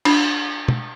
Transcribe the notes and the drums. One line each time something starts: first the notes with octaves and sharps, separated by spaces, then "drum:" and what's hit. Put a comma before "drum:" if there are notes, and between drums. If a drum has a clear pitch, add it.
D4, drum: cymbal
drum: tom